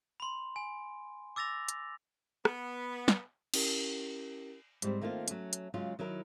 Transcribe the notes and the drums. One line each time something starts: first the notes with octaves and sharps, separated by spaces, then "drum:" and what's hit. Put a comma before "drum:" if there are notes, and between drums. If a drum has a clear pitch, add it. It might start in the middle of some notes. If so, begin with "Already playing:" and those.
B5 C6
G#5
D6 E6 A6 A#6 F7
drum: hi-hat
B3, drum: rim click
drum: snare
C#4 E4 G4 A#4, drum: cymbal
G#2 G3 C4, drum: hi-hat
D#3 A3 A#3 C4 F4
F#3 A3 C#4, drum: hi-hat
drum: hi-hat
C#3 F#3 G#3 F4
D#3 F#3 E4 A#4